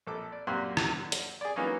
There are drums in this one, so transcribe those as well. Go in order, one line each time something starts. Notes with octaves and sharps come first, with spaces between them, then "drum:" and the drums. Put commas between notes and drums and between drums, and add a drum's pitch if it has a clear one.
A#1 A4 D6
D5
F#2 A#2 A#3 G4 C6 F#6
drum: rim click
drum: hi-hat
G#4 D5
E3 F#3 A#3 B3 C#4 D#4